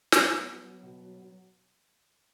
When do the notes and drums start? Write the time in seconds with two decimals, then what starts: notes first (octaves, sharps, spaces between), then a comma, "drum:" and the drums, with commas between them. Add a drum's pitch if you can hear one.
0.12 B2, drum: snare
0.29 F#3 B3
0.47 F#3
0.65 F#3
0.83 B2
1.00 F#3
1.18 F#3